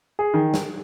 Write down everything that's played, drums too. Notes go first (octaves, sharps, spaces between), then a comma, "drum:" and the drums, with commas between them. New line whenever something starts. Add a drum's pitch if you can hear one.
G#4
D#3
drum: snare